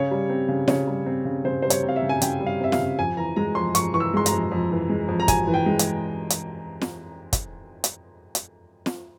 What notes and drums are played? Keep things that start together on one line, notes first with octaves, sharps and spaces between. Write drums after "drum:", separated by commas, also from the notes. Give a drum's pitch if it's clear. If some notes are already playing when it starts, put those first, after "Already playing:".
Already playing: C#3 C#5
G3
C4
C#3
C#3 C#5, drum: snare
G3
C4
C#3
C#3 C5
G3 C5
C#5, drum: hi-hat
C4
F5
E5
C#3
G#5
C#3 G5, drum: hi-hat
G3
F5
C4 E5
F5, drum: snare
C#3
F2 G#5
E3 A#5
G#3 A#5
F2 C6
F2 C#6, drum: hi-hat
E3 C#6
E6
G#3 C6
A#5, drum: hi-hat
F2
F2
E3
G#3
F2
A#5
F2 G#5, drum: kick, hi-hat
E3
G5
G#3
drum: hi-hat
drum: hi-hat
drum: snare
drum: kick, hi-hat
drum: hi-hat
drum: hi-hat
drum: snare